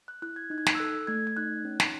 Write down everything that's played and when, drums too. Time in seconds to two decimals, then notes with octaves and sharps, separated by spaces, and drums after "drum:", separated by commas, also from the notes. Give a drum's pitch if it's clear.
0.08 F#6
0.22 E4 F#6
0.36 G#6
0.50 D#4 F#6
0.58 G#6
0.66 F#6, drum: snare
0.75 E6
0.79 A4 F#6
1.07 A3 G#6
1.27 G#6
1.37 D#4 F#6
1.65 C#4
1.80 drum: snare